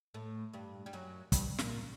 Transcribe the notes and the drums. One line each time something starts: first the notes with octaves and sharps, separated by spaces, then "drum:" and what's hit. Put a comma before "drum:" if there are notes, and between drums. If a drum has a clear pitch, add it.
A2 A3
G2 G3
G3
F#2 F#3
G2 G3, drum: kick, hi-hat
A#2 A#3, drum: snare